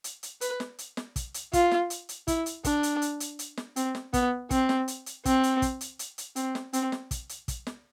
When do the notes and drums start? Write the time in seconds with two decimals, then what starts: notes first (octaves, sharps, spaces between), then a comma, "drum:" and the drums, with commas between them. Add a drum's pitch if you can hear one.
0.04 drum: hi-hat
0.23 drum: hi-hat
0.41 B4, drum: hi-hat
0.60 drum: snare
0.79 drum: hi-hat
0.97 drum: snare
1.16 drum: kick, hi-hat
1.34 drum: hi-hat
1.53 F4, drum: kick, hi-hat
1.71 drum: snare
1.90 drum: hi-hat
2.09 drum: hi-hat
2.28 E4, drum: kick, hi-hat
2.46 drum: hi-hat
2.64 D4, drum: kick, hi-hat
2.83 drum: hi-hat
3.02 drum: hi-hat
3.20 drum: hi-hat
3.39 drum: hi-hat
3.57 drum: snare
3.76 C4, drum: hi-hat
3.95 drum: snare
4.13 B3, drum: kick, hi-hat
4.50 C4, drum: kick, hi-hat
4.69 drum: snare
4.88 drum: hi-hat
5.06 drum: hi-hat
5.25 C4, drum: kick, hi-hat
5.43 drum: hi-hat
5.62 drum: kick, hi-hat
5.81 drum: hi-hat
5.99 drum: hi-hat
6.18 drum: hi-hat
6.36 C4, drum: hi-hat
6.55 drum: snare
6.73 C4, drum: hi-hat
6.92 drum: snare
7.11 drum: kick, hi-hat
7.29 drum: hi-hat
7.48 drum: kick, hi-hat
7.67 drum: snare